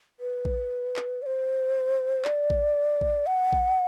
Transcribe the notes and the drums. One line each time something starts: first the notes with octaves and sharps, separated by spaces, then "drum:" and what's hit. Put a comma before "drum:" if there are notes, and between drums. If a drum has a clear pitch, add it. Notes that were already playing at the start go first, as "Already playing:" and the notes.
B4
drum: kick A#1
drum: clap
D5
C5
D5, drum: clap
drum: kick A#1
drum: kick A#1
F#5
drum: kick A#1